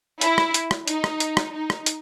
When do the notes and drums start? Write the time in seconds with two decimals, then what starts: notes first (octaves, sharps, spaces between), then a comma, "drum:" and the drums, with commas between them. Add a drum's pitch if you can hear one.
0.21 E4, drum: hi-hat
0.38 drum: rim click
0.54 drum: hi-hat
0.71 drum: rim click
0.88 D#4, drum: hi-hat
1.04 drum: rim click
1.20 drum: hi-hat
1.37 drum: rim click
1.53 D#4
1.70 drum: rim click
1.86 drum: hi-hat